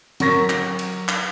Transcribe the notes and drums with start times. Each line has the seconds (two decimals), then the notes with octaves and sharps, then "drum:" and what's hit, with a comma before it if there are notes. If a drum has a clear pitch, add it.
0.20 F#3 A#4 C#6 A#6 B6, drum: cymbal
0.50 drum: clap
0.79 drum: cymbal
1.08 drum: clap